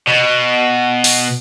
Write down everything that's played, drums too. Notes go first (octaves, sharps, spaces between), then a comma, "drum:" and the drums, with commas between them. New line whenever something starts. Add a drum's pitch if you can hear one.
B2
drum: open hi-hat